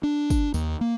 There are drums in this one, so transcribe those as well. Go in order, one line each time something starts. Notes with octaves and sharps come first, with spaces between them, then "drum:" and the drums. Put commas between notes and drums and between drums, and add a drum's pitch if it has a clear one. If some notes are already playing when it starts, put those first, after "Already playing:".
D4
drum: kick, tambourine
D#2, drum: tambourine
A#3